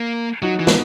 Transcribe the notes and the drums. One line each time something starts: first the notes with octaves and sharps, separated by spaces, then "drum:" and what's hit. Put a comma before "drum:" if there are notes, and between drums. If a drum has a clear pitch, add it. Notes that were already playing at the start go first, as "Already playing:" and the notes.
Already playing: A#3
F#3 D#4 F#4
E3
B3 D#4, drum: snare